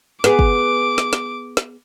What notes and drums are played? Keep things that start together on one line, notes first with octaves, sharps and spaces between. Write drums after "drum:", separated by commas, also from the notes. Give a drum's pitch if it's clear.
B3 G#4 D6, drum: snare
drum: kick
drum: snare
drum: snare
drum: snare